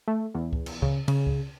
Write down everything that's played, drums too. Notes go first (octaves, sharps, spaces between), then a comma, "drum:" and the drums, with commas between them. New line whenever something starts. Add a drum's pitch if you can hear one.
A3
E2
drum: kick C#2
drum: cymbal
C#3, drum: kick C#2
C#3, drum: cymbal
drum: kick C#2